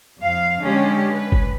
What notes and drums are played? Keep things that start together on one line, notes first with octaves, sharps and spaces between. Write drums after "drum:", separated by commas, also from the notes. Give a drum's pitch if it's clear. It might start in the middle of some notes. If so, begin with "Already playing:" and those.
F2 F5
D3 G#3 C#4 G4
B4
drum: kick